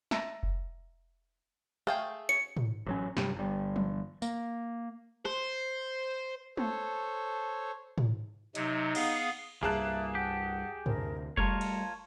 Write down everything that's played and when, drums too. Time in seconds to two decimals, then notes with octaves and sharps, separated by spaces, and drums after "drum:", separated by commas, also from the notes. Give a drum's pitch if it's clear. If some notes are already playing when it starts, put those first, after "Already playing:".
0.11 E5 A5 A#5, drum: snare
0.43 drum: kick F1
1.87 A3 G#4 F5 G5, drum: rim click
2.29 C#5 C#7
2.57 drum: tom
2.86 A1 F#3 C#4
3.17 G2 C3 F#3 G3, drum: snare
3.36 G1 G3
3.76 drum: tom
4.22 A#3, drum: tambourine
5.25 C5, drum: rim click
6.57 A4 C5 C#5, drum: tom G#3
7.98 drum: tom
8.55 C3 F#3 D#4, drum: hi-hat
8.95 B3 G#4 F5, drum: cymbal
9.63 C2 G2 A#3 G#4 E5 A5 F#6
10.15 G4 F#5
10.86 D2 C3 A#4, drum: tom
11.37 G3 A3 F4 A#4 C#5 A5, drum: kick F1
11.61 drum: cymbal